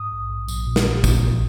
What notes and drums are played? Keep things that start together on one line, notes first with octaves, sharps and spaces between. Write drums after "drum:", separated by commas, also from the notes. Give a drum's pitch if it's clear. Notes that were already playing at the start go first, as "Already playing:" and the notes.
Already playing: G#2 D#6
A#1
A#1
A#1, drum: tambourine
A#2
drum: snare
A#1
A#2, drum: kick, tambourine
A#1